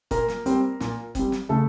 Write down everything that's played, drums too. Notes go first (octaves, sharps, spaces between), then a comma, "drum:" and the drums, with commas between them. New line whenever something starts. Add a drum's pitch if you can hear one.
A#2 A#3 A#4, drum: kick F#1, hi-hat
drum: snare
G3 C4, drum: hi-hat
A#2, drum: snare
G3 C4, drum: kick F#1, hi-hat
drum: snare
C#3 A3 A4